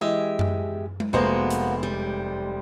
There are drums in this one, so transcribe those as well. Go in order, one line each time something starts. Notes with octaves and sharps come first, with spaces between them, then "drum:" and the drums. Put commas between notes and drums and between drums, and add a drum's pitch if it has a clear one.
E3 G#3 G4 E5
drum: tom F#2
drum: tom G#3
F1 G#3 A#3 B3 F#4 C5
drum: hi-hat
G3